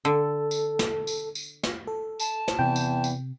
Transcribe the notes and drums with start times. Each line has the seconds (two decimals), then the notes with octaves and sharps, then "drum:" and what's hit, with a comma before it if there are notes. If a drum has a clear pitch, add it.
0.05 D3 A4
0.51 drum: tambourine
0.79 drum: snare
1.07 drum: tambourine
1.35 drum: tambourine
1.63 drum: snare
1.87 A4
2.20 A5, drum: tambourine
2.48 drum: snare
2.59 E2 C3 G5
2.76 drum: tambourine
3.04 drum: tambourine